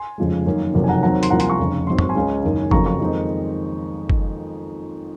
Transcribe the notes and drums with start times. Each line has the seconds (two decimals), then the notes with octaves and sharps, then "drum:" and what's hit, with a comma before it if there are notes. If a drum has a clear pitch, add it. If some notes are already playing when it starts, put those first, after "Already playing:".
Already playing: G#5 C6
0.18 F1 F2 C#3 F3 G#3
0.46 F#2 D#3 A#3
0.74 F#1 F2 C3 D#3 F#3
0.84 G#5
0.89 F#5 A#5
1.03 D#2 D#3 F#3 C4 F#5 A#5
1.23 C6, drum: hi-hat
1.30 C2 C3 F3 A#3 F#5 A#5
1.40 G#5 C6, drum: hi-hat
1.50 A#5 C#6
1.59 F1 F2 C#3
1.87 G#1 G#2 F#3 C4 C6
1.99 C#6, drum: tom
2.09 G#5 C6
2.15 C#2 C#3 G#3 C#4
2.44 F#1 F#2 D#3
2.71 F2 C#3 F#3 A#3 A#5 C#6, drum: kick
2.86 A#5 C#6
3.00 F2 D#3 G#3 C4 D#4
4.09 drum: kick